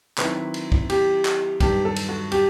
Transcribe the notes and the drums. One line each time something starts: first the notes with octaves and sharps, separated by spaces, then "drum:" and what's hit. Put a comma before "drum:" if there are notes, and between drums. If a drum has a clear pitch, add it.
D#3 F#3 C4 E4 B4, drum: clap
drum: cymbal
drum: kick
G4, drum: cymbal
drum: clap
G2 D#3 F#3 G4, drum: kick, cymbal
A4
drum: cymbal
F#4
G4, drum: cymbal